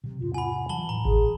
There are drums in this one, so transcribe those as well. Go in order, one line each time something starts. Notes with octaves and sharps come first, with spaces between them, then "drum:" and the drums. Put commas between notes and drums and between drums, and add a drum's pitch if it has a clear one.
C3 F#3
E2 G#2 C3 F4
F#5 G#5 B5
E3 F#3 A5 F#7 G7
A2 A#5
G#4, drum: kick G#1